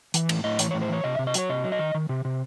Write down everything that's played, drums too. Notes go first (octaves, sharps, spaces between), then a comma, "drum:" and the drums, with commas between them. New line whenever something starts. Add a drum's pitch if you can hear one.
E3, drum: hi-hat
A2, drum: cymbal
A2 D#5
E3 C#5, drum: hi-hat
A2 C#5
C5
E3 C#5
C3 D#5
C3 E5
D#5
F#3 C#5, drum: hi-hat
C3 D#5
F#3
D#5
D#3
D#3
C3
C3